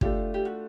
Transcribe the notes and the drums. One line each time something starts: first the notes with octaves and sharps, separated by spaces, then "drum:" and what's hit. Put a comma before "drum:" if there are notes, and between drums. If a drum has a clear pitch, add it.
A3 D4 F4 G4, drum: kick
G4
F#4